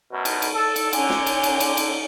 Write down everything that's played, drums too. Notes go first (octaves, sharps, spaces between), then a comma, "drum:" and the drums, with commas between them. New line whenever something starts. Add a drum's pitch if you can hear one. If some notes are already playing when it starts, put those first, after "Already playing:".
F#2 B2
drum: cymbal
drum: cymbal
A4
drum: cymbal
D3 C#4 A#4 G#5 G6, drum: cymbal
drum: snare
drum: cymbal
drum: cymbal
drum: cymbal
drum: cymbal